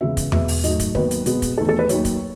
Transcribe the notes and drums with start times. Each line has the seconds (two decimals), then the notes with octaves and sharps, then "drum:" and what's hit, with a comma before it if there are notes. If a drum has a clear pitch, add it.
0.01 E2 C#3 G#3 B3 E5
0.17 drum: kick, hi-hat
0.32 B2 G#3 B3 E5, drum: tom E2
0.48 drum: open hi-hat
0.64 G#2 F#3 A3 D#5, drum: hi-hat
0.79 drum: kick, hi-hat
0.95 D#2 D#3 F#3 B3 B4, drum: kick
1.11 drum: hi-hat
1.26 B2 G#3 B3, drum: hi-hat
1.42 drum: kick, hi-hat
1.58 E2 D#3 A3 A4
1.69 A4
1.79 B4
1.89 D#2 D#3 F#3 C#5, drum: hi-hat
2.05 drum: kick, hi-hat